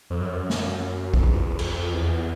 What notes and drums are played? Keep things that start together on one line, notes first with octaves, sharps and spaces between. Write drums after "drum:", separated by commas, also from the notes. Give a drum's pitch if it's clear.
F2
F#2
drum: snare
F2, drum: kick
E2
F#2
F2, drum: cymbal
E2